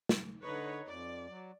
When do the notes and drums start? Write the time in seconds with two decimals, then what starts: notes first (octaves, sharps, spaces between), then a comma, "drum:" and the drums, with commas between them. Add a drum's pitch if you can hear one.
0.09 drum: snare
0.45 D3 D#4 B4 C#5
0.87 F2 D5
1.28 F#3